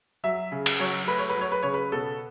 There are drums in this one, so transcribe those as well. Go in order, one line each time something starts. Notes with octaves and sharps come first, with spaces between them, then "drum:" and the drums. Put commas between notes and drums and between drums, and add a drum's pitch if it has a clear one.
F#3 E5
C#3
drum: cymbal
F#3 C#5
A3 B4
C#5
B4
F#3
C#5
B4
C#3 C#5
B4
B2 A4